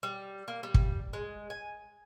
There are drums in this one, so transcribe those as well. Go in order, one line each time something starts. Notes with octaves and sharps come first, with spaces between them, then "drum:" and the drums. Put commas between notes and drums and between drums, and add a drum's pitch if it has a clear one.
G3
A#3
G3
drum: kick
G#3
G#5